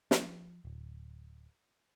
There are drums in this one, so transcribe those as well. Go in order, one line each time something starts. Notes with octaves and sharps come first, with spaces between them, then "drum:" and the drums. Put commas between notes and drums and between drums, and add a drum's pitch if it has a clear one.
F3, drum: snare
D1